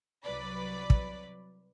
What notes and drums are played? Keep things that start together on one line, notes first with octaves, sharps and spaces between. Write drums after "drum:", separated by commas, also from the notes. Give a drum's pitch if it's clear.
C2 F#3 B4 D5 B5
drum: kick